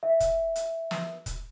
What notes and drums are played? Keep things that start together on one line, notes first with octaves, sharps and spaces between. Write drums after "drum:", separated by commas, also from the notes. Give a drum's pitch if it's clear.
E5
drum: kick, hi-hat
drum: hi-hat
drum: snare
drum: kick, hi-hat